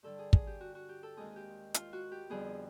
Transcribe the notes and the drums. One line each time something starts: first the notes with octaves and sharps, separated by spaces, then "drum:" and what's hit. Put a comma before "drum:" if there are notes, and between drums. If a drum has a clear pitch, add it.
G2 D3 G3 A4
G#4
G#4, drum: kick
G4
F#4
F#4
G4
A4
D#2 D#3 G#3 C4 G#4
G4
F4, drum: hi-hat
F#4
G4
F2 D3 G3 B3 G#4